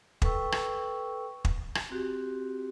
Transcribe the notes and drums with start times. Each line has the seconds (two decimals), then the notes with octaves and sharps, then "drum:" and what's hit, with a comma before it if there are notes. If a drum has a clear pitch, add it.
0.22 A4 B4 G5 C#6 E6, drum: kick
0.52 drum: rim click
1.45 drum: kick
1.75 drum: rim click
1.90 C4 F#4 G4